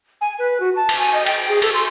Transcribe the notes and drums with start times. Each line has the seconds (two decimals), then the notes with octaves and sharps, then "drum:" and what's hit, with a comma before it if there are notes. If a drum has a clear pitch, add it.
0.21 G#5
0.39 B4
0.60 F#4
0.76 A5
0.89 drum: cymbal
0.99 G#5
1.14 D#5
1.26 G5, drum: cymbal
1.49 G#4
1.62 A4, drum: cymbal
1.74 C6